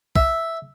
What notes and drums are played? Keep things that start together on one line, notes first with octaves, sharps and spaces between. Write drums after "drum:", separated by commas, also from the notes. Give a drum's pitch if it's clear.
E5, drum: kick